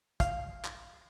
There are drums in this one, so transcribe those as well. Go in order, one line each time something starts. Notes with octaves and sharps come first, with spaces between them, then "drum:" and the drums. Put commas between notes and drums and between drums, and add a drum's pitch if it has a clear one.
F5, drum: kick, hi-hat
drum: clap